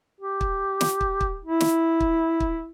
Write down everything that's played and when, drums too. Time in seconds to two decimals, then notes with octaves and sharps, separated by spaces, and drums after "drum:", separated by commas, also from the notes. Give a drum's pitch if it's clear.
0.21 G4
0.41 drum: kick
0.81 drum: snare
1.01 drum: kick
1.21 drum: kick
1.45 E4
1.60 drum: snare
2.00 drum: kick
2.40 drum: kick